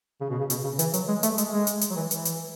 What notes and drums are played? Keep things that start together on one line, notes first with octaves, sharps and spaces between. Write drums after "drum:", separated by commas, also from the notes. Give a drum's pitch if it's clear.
C#3
B2
C#3
B2, drum: hi-hat
C#3
E3, drum: hi-hat
F#3, drum: hi-hat
G#3
A3, drum: hi-hat
G#3, drum: hi-hat
G#3
drum: hi-hat
drum: hi-hat
F#3
E3
E3, drum: hi-hat
drum: hi-hat